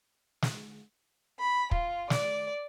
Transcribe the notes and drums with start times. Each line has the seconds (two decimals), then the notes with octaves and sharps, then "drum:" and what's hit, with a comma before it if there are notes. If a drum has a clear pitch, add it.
0.42 drum: snare
1.39 B5
1.71 F4, drum: kick
2.10 D5, drum: snare